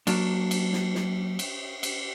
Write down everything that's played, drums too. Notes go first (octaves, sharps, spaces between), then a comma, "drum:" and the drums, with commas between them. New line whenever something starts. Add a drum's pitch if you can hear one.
F#3 A#3 D4, drum: cymbal
drum: cymbal
drum: snare
drum: snare
drum: cymbal
drum: cymbal